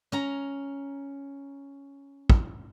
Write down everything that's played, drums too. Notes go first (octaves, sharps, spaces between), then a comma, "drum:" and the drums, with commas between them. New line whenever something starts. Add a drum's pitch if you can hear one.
C#4 A#5
drum: kick